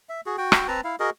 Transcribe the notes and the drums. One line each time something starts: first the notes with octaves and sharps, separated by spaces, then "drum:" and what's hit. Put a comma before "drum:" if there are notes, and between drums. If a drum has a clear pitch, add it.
E5
F#4 G#4
F#4 G5
drum: rim click
C4 B4 A5 A#5
E4 F5
F#4 G#4 A#4 D#5